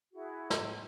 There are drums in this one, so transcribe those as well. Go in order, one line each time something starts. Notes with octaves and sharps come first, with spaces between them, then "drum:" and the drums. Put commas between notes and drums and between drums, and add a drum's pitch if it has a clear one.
E4 F#4 G#4
drum: snare